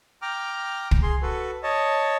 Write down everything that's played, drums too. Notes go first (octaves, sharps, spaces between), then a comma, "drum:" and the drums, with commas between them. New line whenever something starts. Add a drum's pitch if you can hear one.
G5 A#5 D6 F6
drum: kick
G#4 C6
F#4 A4 B4
C#5 D#5 A5